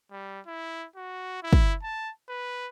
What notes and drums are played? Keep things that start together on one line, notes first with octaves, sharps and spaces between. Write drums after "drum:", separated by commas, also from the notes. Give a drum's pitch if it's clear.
G3
E4
F#4
E4
drum: kick
A5
B4